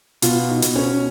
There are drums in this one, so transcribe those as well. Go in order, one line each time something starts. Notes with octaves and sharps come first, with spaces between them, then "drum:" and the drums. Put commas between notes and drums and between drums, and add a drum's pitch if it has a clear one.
B2 F4, drum: hi-hat
D#4
B2, drum: hi-hat
C#4